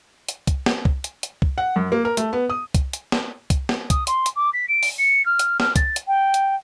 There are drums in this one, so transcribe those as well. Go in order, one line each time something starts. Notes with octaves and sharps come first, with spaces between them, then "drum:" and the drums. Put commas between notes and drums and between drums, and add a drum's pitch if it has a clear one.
drum: hi-hat
drum: kick C2, hi-hat
drum: snare
drum: kick C2
drum: hi-hat
drum: hi-hat
drum: kick C2
F#5
F#2
A#3
A#4
A3, drum: hi-hat
B3
D#6
drum: kick C2, hi-hat
drum: hi-hat
drum: snare
drum: kick C2, hi-hat
drum: snare
D#6, drum: kick C2, hi-hat
C6, drum: hi-hat
drum: hi-hat
D6
B6
D7
drum: open hi-hat
C#7
F6
drum: hi-hat
F6, drum: snare
A6, drum: kick C2, hi-hat
drum: hi-hat
G5
drum: hi-hat